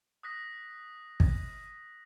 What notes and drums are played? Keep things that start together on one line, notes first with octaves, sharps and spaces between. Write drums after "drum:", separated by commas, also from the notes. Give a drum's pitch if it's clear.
D#6 F#6 A#6 B6
drum: kick